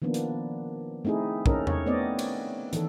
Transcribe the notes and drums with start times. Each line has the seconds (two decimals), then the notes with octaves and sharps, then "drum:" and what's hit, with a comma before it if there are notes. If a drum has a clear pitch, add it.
0.02 D#3 F3 A#3 B3 D4
0.14 drum: hi-hat
1.05 A3 C4 D#4 E4 G#4
1.46 C#4 D#4 A4 A#4, drum: kick
1.67 C#5, drum: tom E2
1.86 A3 B3 C4 D5 D#5
2.19 drum: cymbal
2.73 D#3 E3 A4, drum: hi-hat